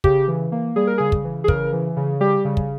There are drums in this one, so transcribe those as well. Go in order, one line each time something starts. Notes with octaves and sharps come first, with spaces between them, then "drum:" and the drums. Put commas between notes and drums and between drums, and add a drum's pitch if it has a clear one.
C#3 G4, drum: kick
E3
A#3
G3 G#4
A#4
C#3 G#4
drum: kick
E3
G#4
C#3 A#4, drum: kick
E3
C#3
G3 G4
C#3
drum: kick